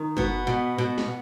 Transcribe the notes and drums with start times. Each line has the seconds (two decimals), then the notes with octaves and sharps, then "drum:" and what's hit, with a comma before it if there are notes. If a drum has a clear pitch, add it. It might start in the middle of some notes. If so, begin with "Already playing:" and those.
Already playing: D#3
0.17 B2 B3, drum: kick F#1
0.47 B2
0.78 B2
0.98 drum: snare